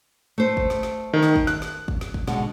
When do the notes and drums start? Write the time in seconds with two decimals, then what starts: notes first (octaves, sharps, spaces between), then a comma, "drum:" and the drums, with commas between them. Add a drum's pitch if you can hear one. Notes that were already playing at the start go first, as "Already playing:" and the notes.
0.38 A3 C5
0.57 drum: kick
0.70 drum: snare
0.83 drum: snare
1.14 D#3
1.23 drum: snare
1.36 drum: kick
1.47 F#6, drum: snare
1.62 drum: snare
1.88 drum: kick
2.01 drum: snare
2.14 drum: kick
2.27 B2 D3 G#3, drum: snare